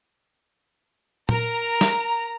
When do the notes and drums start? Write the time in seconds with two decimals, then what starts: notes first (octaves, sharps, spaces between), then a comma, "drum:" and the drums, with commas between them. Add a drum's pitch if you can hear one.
1.29 A#4 A#5, drum: tom A#2
1.81 drum: snare